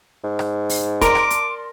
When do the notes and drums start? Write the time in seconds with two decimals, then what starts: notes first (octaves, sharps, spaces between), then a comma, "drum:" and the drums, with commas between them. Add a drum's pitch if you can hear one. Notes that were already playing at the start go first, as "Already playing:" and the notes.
0.24 G#2
0.39 drum: rim click
0.69 drum: open hi-hat
1.01 A#4 D5 A5 C6 D6, drum: kick, hi-hat
1.15 drum: rim click
1.30 drum: hi-hat